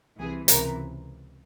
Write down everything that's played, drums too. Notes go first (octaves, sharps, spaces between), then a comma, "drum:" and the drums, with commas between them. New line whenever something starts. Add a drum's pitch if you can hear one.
C2 C3 E3 G#4
C#2 C3 E3 A#4, drum: hi-hat